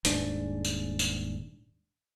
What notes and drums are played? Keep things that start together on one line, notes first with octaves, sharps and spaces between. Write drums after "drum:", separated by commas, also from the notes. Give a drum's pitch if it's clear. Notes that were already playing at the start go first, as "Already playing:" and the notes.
D#1 G#2 D4, drum: hi-hat
drum: tambourine
drum: tambourine